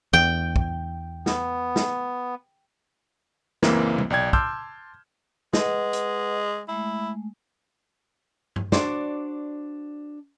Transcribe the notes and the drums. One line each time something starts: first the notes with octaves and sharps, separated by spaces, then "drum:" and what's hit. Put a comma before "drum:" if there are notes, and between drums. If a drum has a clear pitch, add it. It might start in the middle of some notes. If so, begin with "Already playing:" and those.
E2 G5
drum: kick
B3, drum: snare
drum: snare
C#2 F#2 E3 A#3 C4, drum: snare
drum: tom
B1 D5 G5 G#6
A5 C6 D6 E6 F6 G6, drum: kick
G#3 B4 D#5 F#5, drum: snare
drum: hi-hat
G#3 A3 E4
drum: tom G2
D4 F#4 C5 D5, drum: snare